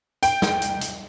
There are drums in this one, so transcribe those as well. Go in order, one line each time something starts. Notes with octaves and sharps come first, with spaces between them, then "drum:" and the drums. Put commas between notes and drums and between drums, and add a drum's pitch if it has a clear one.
G5, drum: hi-hat
drum: snare
drum: hi-hat
drum: hi-hat